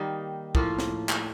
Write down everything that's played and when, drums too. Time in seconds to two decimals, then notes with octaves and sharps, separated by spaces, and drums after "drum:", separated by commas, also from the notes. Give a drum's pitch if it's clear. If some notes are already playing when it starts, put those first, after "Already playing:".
Already playing: D#3 G3 A#3 D#4
0.55 A2 F3 A#3 F4, drum: kick
0.79 drum: snare
1.09 drum: clap